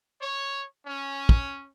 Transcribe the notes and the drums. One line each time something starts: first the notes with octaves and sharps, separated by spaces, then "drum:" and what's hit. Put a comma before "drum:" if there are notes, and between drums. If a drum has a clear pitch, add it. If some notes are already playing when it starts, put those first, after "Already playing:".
C#5
C#4
drum: kick